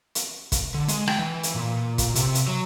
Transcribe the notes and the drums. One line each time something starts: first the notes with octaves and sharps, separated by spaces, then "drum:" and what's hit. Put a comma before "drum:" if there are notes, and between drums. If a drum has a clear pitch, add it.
drum: hi-hat
drum: kick, hi-hat
D3
G#3, drum: hi-hat
G5, drum: rim click
E3
drum: hi-hat
A#2
drum: kick, hi-hat
C3, drum: hi-hat
drum: hi-hat
F#3